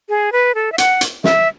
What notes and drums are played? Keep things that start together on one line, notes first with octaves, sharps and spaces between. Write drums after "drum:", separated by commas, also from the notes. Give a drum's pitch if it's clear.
G#4
B4
A4
E5
F#5, drum: hi-hat
drum: hi-hat
E5, drum: snare